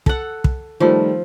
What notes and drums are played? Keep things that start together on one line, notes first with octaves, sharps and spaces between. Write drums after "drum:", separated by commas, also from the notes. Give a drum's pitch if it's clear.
A4 F#5, drum: kick
drum: kick
D#3 F3 G3 A3